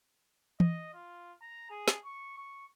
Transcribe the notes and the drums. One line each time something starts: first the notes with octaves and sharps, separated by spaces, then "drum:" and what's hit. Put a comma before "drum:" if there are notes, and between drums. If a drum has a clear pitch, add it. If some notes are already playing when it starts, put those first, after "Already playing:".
D#5, drum: tom E3
F4
A#5
G#4
drum: snare
C#6
C#6